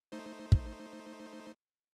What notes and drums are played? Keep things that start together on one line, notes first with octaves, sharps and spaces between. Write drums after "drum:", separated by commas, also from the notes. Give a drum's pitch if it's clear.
A3 D#4 C5
drum: kick